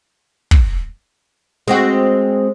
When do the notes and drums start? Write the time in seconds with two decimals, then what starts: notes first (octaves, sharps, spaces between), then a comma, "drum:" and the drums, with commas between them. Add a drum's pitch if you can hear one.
0.51 drum: kick
1.68 G#3 C4 F#4